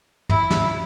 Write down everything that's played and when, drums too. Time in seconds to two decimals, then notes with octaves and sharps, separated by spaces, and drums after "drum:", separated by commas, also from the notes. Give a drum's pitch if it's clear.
0.29 E4, drum: tom
0.50 drum: snare